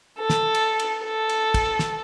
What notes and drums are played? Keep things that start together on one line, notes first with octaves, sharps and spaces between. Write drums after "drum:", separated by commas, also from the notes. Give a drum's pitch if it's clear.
A4
drum: snare
drum: cymbal
drum: cymbal
A4
drum: cymbal
drum: kick, cymbal
drum: snare